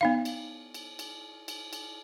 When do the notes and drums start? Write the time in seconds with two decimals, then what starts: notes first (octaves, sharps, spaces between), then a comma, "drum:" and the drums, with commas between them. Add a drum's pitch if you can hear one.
0.01 B3 D#4 F5
0.25 drum: cymbal
0.74 drum: cymbal
0.99 drum: cymbal
1.48 drum: cymbal
1.73 drum: cymbal